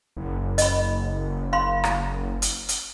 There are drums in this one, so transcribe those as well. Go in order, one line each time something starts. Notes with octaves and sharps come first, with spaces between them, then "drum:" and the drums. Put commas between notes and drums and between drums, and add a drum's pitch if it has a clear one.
F#1
D#5 B5, drum: hi-hat
F5 B5 C6
drum: rim click
drum: hi-hat
drum: hi-hat